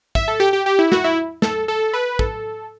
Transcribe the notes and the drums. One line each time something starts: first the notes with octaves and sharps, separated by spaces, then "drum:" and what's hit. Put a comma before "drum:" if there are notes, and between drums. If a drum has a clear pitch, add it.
E5, drum: kick
A4
G4
G4
G4
E4
F#4, drum: snare
E4
A4, drum: snare
A4
B4
A4, drum: kick